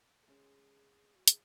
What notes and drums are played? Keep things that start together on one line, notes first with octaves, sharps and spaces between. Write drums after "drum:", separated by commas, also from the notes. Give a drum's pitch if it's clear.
A4
C#3 G#3 C#4 G#4
F#4
G#4, drum: hi-hat